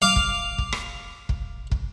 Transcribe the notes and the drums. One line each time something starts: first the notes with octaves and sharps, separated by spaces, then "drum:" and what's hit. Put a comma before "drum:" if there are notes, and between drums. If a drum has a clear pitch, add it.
F5 D6
drum: kick
drum: kick
drum: rim click
drum: kick
drum: kick